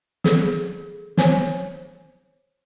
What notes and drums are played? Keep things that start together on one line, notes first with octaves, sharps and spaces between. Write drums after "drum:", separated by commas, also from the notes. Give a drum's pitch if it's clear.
G#4 A4, drum: snare
C5 C#5 G#5, drum: snare